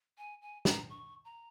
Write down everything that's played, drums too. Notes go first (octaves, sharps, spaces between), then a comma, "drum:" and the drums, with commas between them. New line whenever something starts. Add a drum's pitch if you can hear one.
G#5
G#5
A#5, drum: snare
C#6
A#5